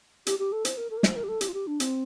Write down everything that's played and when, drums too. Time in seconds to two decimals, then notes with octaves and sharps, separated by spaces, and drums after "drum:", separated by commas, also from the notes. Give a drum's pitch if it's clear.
0.27 G4, drum: hi-hat
0.39 G4
0.52 A4
0.65 C5, drum: hi-hat
0.77 A#4
0.90 A4
0.97 A#4
1.03 C5, drum: snare
1.16 A#4
1.24 G4
1.28 A4
1.41 G4, drum: hi-hat
1.48 F4
1.54 G4
1.67 D4
1.80 C4, drum: hi-hat